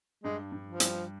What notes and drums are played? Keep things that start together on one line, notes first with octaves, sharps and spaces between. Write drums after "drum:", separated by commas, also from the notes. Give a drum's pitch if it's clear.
G2 G#3
G2
F3
G3, drum: hi-hat